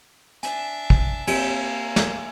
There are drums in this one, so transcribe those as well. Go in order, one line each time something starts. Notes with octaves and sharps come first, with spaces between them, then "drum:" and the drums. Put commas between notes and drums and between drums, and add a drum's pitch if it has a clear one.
D4 E5 G#5, drum: hi-hat
drum: kick
A#3 C4 G4 G#5, drum: cymbal
drum: snare